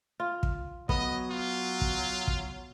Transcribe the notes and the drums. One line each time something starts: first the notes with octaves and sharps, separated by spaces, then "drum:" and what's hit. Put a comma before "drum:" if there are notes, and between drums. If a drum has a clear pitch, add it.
F4
drum: kick
F#3 B3 D#5, drum: kick
F4
drum: kick
drum: kick